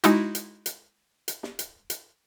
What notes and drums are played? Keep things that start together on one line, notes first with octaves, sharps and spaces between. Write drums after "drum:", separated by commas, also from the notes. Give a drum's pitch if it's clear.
G#3 D#4 E4 F#4, drum: hi-hat
drum: hi-hat
drum: hi-hat
drum: hi-hat
drum: snare
drum: hi-hat
drum: hi-hat